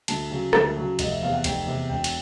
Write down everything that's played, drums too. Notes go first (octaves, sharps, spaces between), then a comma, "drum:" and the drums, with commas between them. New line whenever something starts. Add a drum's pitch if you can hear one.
D2 A5, drum: cymbal
C#3 F#3
D2, drum: rim click
C#3 F#3
F1 D#5, drum: cymbal
E5
E2 C3 F5
F#5
F1 G5, drum: cymbal
E2 C3
E1 G5
drum: cymbal